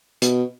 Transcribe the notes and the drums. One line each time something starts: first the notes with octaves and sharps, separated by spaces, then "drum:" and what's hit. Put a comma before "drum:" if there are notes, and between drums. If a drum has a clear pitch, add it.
B2, drum: hi-hat